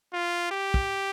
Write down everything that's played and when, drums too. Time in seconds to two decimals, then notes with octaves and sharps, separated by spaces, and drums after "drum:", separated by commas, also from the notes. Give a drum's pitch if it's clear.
0.13 F4
0.51 G4
0.74 drum: kick